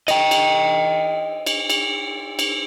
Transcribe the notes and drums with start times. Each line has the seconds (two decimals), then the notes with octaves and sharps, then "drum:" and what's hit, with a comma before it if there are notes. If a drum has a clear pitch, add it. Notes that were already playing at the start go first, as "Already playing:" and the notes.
0.08 D#5 G5, drum: cymbal
0.31 drum: cymbal
1.46 drum: cymbal
1.70 drum: cymbal
2.39 drum: cymbal